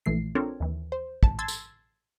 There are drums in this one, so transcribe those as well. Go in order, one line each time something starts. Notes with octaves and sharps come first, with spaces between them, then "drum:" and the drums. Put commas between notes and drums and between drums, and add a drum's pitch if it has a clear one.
A#1 E3 A3 C7
C4 D4 F4 A4 A#4 C#5
D#2 E3
C5
A1 A5, drum: kick
A5 C6 E6 G#6 A6
drum: tambourine